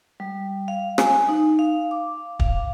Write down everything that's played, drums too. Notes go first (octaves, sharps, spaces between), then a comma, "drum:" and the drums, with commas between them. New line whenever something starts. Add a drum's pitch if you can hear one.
G3
F5
G#5, drum: rim click
D#4
F5
D6
F5, drum: kick